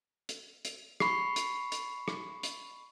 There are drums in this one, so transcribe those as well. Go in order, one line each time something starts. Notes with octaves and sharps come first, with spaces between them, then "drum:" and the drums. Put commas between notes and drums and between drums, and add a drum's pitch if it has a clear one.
drum: hi-hat
drum: hi-hat
B5 C#6 C7, drum: rim click
drum: hi-hat
drum: hi-hat
drum: rim click
drum: hi-hat